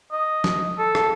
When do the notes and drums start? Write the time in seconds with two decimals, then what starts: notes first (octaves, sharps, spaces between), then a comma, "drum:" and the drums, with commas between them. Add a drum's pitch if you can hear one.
0.12 D#5
0.44 drum: snare
0.79 A4
0.95 drum: rim click